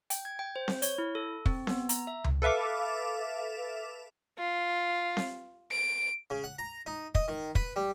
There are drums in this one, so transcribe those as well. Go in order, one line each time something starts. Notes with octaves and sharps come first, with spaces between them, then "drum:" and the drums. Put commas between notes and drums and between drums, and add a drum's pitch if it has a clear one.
G5, drum: hi-hat
G#6
G5
C5
drum: snare C4
C#5, drum: hi-hat
E4
A4
C4, drum: kick
B3, drum: snare C4
A#5, drum: hi-hat
E5
drum: tom C#2
A4 B4 E5 F5 D6
F4
drum: snare C4
D7
C#3
F#5
A#5
D#4
D#5, drum: kick
D#3
B4, drum: kick
G3